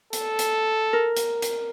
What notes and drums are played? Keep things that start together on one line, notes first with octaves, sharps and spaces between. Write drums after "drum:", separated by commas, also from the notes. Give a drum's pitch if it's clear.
A4, drum: hi-hat
drum: hi-hat
A#4
drum: hi-hat
drum: hi-hat